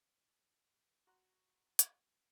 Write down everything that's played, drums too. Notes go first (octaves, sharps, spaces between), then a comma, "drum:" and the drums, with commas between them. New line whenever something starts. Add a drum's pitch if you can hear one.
F#4 A#5 C6 F#6
drum: hi-hat